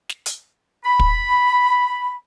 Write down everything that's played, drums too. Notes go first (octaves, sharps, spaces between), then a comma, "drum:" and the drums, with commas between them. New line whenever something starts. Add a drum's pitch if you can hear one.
drum: snare
drum: hi-hat
B5
drum: kick